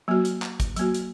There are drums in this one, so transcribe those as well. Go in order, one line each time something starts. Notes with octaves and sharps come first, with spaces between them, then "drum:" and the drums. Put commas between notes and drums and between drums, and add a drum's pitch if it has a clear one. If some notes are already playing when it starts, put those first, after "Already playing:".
F#3 A#3 F#4
drum: hi-hat
drum: clap
drum: kick, hi-hat
F#3 A#3 F#4, drum: hi-hat
drum: hi-hat